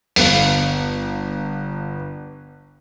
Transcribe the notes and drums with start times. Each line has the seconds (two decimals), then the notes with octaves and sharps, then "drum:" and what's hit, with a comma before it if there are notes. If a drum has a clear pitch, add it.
0.16 G1 B3 F5, drum: open hi-hat